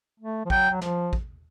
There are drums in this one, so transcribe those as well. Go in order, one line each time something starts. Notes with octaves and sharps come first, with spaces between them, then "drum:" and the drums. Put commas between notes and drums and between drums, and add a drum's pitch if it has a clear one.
A3
F3
F#3 G5, drum: kick
F#3
F3, drum: snare
drum: kick